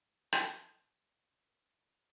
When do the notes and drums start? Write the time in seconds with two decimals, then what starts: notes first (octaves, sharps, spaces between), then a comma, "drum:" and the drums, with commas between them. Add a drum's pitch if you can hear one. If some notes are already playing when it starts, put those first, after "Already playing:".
0.33 drum: rim click
0.81 C3
0.93 F4
1.11 B4
1.34 C#2
1.47 G2
1.60 G2
1.78 F#3
1.91 E5